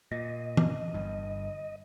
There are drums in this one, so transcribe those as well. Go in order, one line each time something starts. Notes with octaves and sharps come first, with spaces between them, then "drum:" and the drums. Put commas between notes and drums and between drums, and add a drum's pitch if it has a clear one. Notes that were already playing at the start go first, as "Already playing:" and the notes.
A#2 D#5
drum: tom
G1 G2